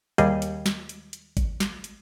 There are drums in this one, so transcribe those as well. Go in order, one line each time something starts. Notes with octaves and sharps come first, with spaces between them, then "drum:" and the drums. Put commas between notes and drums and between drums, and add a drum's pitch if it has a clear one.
D#2 G3 G#4 D#5, drum: hi-hat
drum: hi-hat
drum: snare
drum: hi-hat
drum: hi-hat
drum: kick G#1, hi-hat
drum: snare
drum: hi-hat